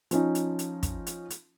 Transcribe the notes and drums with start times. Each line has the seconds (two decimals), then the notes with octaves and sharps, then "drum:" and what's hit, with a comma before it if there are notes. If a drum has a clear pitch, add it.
0.11 F3 C#4 D#4, drum: hi-hat
0.35 drum: hi-hat
0.59 drum: hi-hat
0.83 drum: kick, hi-hat
1.07 drum: hi-hat
1.30 drum: hi-hat